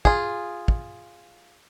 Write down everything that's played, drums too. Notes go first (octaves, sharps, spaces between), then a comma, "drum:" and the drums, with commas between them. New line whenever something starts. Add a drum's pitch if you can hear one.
F4 G#4, drum: kick
drum: kick